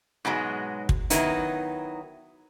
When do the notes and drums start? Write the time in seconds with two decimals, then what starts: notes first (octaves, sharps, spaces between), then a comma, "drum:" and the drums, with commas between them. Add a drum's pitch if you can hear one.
0.25 G#2 B2 F#3 G#3
0.89 drum: kick
1.10 D#3 F#3 B3 D#4 E4, drum: hi-hat